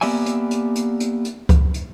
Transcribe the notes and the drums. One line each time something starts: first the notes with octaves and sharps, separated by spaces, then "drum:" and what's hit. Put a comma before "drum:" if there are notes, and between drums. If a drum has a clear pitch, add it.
A#3 B3 G4 D5 E5 G#5, drum: open hi-hat
drum: hi-hat
drum: hi-hat
drum: hi-hat
drum: hi-hat
drum: hi-hat
drum: kick C#2, hi-hat
drum: hi-hat